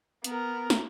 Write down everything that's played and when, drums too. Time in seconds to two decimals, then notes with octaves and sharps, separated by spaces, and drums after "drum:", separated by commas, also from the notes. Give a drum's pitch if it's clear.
0.24 B3 A#4, drum: hi-hat
0.70 drum: snare